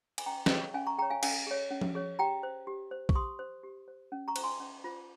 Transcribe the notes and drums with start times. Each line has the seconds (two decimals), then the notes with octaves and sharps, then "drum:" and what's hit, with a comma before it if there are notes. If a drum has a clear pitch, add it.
0.18 G#5, drum: cymbal
0.26 C#4 G5 A#5
0.46 F5, drum: snare
0.50 G#4 C#5 D#5 G5
0.74 C#4 F5 G#5
0.87 A#5 C#6
0.98 G#4 C#5 G5 A#5
1.10 F5 G#5
1.23 C#4 F5 G#5, drum: cymbal
1.47 G#4 C#5
1.70 C#4
1.81 drum: tom F3
1.95 G#4 C#5
2.19 G4 G5 A#5
2.43 C5
2.67 G4
2.91 C5
3.09 C#6, drum: kick
3.15 G4 C6 D#6
3.39 C5
3.63 G4
3.88 C5
4.12 C#4
4.28 A#5 C#6
4.36 F4 C5, drum: cymbal
4.44 G#5 C6
4.60 C#4
4.84 F4 C5